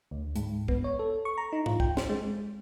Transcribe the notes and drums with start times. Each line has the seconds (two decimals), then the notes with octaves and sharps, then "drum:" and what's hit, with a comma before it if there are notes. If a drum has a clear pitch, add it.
0.11 D2
0.36 G#2, drum: hi-hat
0.68 B3, drum: kick
0.84 C#5
0.99 A4
1.25 C#6
1.37 A#5
1.53 D#4
1.66 F4, drum: tom G#2
1.80 G5, drum: kick
1.97 C5, drum: snare
2.09 G#3